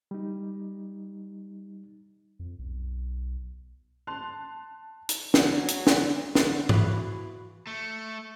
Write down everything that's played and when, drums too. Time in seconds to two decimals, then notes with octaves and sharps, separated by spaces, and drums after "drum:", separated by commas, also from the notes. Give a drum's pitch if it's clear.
0.11 G3 D#4
2.39 F2
2.59 B1
4.07 A5 C6 F#6 F7
5.09 drum: hi-hat
5.34 F#3, drum: snare
5.68 drum: hi-hat
5.87 drum: snare
6.35 A3 B3 F#4, drum: snare
6.69 E3 F#4 B4 F5 B5, drum: tom G#2
7.67 A3